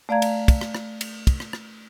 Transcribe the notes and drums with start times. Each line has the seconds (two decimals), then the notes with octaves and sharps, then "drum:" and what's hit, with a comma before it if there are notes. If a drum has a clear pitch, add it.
0.09 A3 D5 F5 A#5 G#6
0.22 drum: cymbal
0.48 drum: kick, cymbal
0.61 drum: rim click
0.75 drum: rim click
1.01 drum: cymbal
1.27 drum: kick, cymbal
1.40 drum: rim click
1.53 drum: rim click